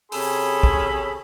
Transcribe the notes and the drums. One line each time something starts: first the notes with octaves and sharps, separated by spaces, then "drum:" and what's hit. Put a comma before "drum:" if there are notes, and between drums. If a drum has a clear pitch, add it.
C3 C#4 G#4 A4 B5, drum: open hi-hat
drum: kick